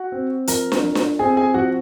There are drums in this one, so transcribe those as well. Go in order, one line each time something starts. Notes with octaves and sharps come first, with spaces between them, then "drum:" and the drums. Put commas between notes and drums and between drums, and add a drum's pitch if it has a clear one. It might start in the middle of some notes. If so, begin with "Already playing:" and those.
Already playing: F#4 F#5
C4
F3 A#4 A#5, drum: hi-hat
drum: snare D4
F3
drum: snare D4
C4 G#4 G#5
G#4 G#5
F3 F#4 F#5